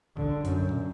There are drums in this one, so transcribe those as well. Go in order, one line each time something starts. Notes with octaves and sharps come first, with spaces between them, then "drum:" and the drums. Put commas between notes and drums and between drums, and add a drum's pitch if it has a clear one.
D3, drum: kick A#1
F#2, drum: hi-hat
drum: tom